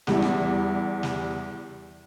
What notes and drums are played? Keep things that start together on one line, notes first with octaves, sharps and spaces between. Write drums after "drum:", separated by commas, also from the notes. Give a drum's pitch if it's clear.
E2 G3 E4, drum: snare
drum: rim click
drum: snare